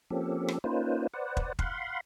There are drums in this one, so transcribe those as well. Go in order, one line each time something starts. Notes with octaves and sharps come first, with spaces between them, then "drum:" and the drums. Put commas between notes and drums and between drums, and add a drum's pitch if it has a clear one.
F3 A#3 C4 C#4 G4 A4
drum: rim click
A#3 C#4 D#4 F4 B4 C5
B4 C5 D5 F#5
drum: kick
F5 F#5 B5 C6, drum: kick